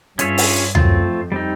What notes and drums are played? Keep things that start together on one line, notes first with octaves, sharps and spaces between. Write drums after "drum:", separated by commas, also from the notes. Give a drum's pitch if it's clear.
G2 C#4 F4 G#4 C#5 E5, drum: hi-hat
drum: open hi-hat
F#2 A3 C4 F4, drum: tom D2
F2
G3 C4 D#4